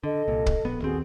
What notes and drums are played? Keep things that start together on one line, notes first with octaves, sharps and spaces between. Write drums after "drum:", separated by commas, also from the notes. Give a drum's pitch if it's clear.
D3 A4 D#5
C2 A#2
drum: kick
A#1 B3
D#2 C4 F#4 G#4